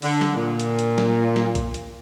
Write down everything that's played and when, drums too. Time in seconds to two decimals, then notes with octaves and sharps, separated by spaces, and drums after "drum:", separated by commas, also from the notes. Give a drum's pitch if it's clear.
0.02 D3, drum: open hi-hat
0.21 drum: snare
0.35 A#2
0.60 drum: hi-hat
0.79 drum: hi-hat
0.98 drum: snare
1.36 drum: snare
1.55 drum: kick B1, hi-hat
1.74 drum: hi-hat